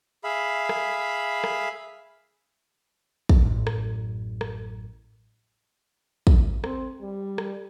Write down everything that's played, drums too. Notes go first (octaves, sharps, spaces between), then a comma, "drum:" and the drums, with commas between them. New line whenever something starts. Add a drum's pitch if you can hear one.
G#4 E5 F5 B5
drum: rim click
drum: rim click
drum: kick
A1 F#2
drum: rim click
drum: rim click
drum: kick
C4, drum: rim click
G3
drum: rim click